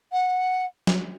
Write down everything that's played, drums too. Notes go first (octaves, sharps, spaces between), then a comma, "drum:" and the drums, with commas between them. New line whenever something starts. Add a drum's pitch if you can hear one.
F#5
drum: snare